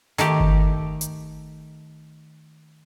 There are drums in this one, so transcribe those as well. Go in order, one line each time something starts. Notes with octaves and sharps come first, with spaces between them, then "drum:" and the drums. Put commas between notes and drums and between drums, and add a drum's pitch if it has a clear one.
D#3 A3 G4, drum: snare
drum: kick G1
drum: hi-hat